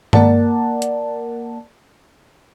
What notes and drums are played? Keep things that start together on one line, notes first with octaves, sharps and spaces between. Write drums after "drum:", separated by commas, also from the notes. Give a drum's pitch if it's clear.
A#3 A#4 D5 F#5 A5, drum: tom G2
drum: hi-hat